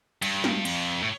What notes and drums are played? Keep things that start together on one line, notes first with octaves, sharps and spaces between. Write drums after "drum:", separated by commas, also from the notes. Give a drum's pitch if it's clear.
G2, drum: cymbal
drum: snare
F2, drum: cymbal
A2